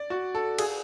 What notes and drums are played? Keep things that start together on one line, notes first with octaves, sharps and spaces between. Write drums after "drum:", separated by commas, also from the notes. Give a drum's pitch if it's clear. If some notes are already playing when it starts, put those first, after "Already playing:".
Already playing: D5
F#4
A4
G#4, drum: cymbal